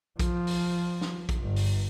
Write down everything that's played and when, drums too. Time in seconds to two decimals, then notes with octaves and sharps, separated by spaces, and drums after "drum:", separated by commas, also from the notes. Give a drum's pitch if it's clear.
0.19 F3, drum: kick A#1, hi-hat
0.47 drum: open hi-hat
1.01 drum: snare
1.29 drum: kick A#1, hi-hat
1.40 G1
1.56 drum: open hi-hat